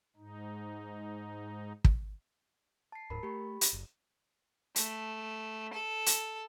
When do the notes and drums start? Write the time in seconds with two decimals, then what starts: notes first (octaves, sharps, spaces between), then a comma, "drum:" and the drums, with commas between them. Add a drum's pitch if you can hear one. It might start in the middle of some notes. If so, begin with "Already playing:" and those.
0.17 G#2 D#4
1.85 drum: kick
2.92 A5 C7
3.10 D1 G#2 A#4 B5
3.23 A3 G4 B5
3.61 drum: hi-hat
3.73 F#1
4.76 A3, drum: hi-hat
5.73 A4
6.06 drum: hi-hat